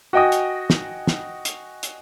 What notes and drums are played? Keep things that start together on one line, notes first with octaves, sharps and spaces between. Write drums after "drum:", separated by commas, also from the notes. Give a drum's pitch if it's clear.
F#4 D#5 G5 G#5 D#6
drum: hi-hat
drum: snare
drum: snare
drum: hi-hat
drum: hi-hat